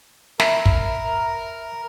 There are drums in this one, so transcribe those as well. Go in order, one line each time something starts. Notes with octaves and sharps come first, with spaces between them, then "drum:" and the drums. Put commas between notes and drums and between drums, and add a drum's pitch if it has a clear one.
A#4 E5 B5, drum: snare
drum: kick